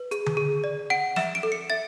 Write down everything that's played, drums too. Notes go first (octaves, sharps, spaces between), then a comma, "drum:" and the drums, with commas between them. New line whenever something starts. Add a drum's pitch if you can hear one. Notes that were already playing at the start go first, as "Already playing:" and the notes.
Already playing: B4
G#4, drum: hi-hat
drum: tom D3
G#4
D5
F#5 D7
E5 E7, drum: snare
D7
A4
C#7
E5 A6